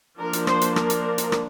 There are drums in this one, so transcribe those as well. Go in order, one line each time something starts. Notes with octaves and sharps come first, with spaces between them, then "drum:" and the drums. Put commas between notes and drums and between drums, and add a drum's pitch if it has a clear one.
F3 A#3 D4 A#4
drum: hi-hat
C5, drum: rim click
drum: hi-hat
A#4, drum: rim click
drum: hi-hat
drum: hi-hat
drum: rim click